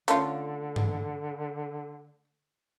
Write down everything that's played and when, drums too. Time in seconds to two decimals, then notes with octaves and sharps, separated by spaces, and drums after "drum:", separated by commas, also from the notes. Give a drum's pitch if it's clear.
0.08 D3 A3 C#4 F4, drum: hi-hat
0.76 drum: tom G2